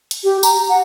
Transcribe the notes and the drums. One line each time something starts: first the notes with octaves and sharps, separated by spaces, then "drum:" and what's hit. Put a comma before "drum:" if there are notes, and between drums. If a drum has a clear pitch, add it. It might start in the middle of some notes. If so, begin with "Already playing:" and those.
drum: hi-hat
G4
A#5, drum: tambourine
F#5